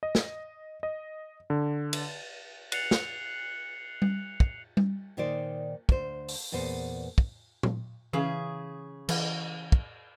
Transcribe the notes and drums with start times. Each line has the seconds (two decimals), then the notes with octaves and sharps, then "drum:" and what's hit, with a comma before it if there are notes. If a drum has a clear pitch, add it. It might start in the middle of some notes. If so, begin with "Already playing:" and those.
0.03 D#5
0.15 drum: snare
0.83 D#5
1.50 D3
1.93 drum: cymbal
2.72 F#6 C7 C#7 F7 F#7, drum: cymbal
2.91 drum: snare
4.02 drum: tom G3
4.40 drum: kick
4.77 drum: tom G3
5.17 A#2 D#3 D#4 C5 D5
5.89 D2 C5, drum: kick
6.28 drum: open hi-hat
6.52 E2 A#2 B3 C5
7.18 drum: kick
7.63 drum: tom A#2
8.13 C#3 E3 G#4
9.09 E3, drum: cymbal
9.72 drum: kick